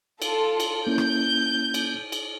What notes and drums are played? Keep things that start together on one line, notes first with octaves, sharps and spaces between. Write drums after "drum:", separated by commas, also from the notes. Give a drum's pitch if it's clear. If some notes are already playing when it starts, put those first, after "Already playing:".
F4 A4, drum: cymbal
drum: cymbal
A#3 C#4 E4 G6
drum: rim click
drum: cymbal
drum: cymbal